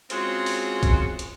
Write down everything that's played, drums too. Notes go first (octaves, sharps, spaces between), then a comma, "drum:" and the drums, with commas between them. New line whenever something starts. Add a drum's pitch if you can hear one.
G#3 C4 C#4 F4 F#4 G#4, drum: hi-hat
drum: open hi-hat
drum: kick, hi-hat
drum: hi-hat